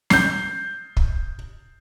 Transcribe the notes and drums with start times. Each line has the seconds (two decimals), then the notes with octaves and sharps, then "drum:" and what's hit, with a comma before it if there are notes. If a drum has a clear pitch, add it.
0.10 G6 C7, drum: snare
0.97 drum: kick